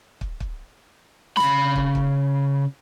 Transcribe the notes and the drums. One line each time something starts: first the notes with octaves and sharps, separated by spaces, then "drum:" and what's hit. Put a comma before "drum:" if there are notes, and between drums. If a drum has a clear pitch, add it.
drum: kick
drum: kick
C#3 B5, drum: snare
drum: kick
drum: kick